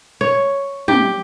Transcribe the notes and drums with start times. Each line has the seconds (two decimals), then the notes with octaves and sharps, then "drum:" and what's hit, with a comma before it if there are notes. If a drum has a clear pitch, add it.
0.21 C#5
0.88 G4, drum: tom